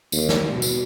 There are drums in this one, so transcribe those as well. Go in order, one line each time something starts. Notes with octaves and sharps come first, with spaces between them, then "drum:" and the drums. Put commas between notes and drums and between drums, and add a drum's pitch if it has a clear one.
D#2, drum: tambourine
drum: snare
B2
drum: tambourine